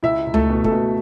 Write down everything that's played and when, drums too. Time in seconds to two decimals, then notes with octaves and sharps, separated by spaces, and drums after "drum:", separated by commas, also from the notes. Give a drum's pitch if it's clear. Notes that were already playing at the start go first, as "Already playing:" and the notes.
0.03 C#2 E4 E5
0.26 C#2
0.34 A3 A4, drum: tom C#2
0.50 B2
0.64 A3 A4, drum: kick
0.72 B2